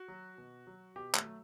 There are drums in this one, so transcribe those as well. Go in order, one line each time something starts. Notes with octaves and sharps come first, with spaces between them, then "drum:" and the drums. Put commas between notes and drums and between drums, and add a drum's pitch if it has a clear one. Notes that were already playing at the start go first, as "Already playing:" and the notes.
Already playing: F#4
F#3
B2
F#3
B2 G4
A3, drum: clap
F#3